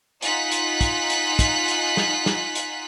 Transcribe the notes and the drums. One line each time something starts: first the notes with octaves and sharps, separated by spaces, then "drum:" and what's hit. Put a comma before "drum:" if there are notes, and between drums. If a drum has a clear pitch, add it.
D#4 F4 F#5 G#5 F#6 B6, drum: hi-hat
drum: hi-hat
drum: kick, hi-hat
drum: hi-hat
drum: kick, hi-hat
drum: hi-hat
drum: snare
drum: snare
drum: hi-hat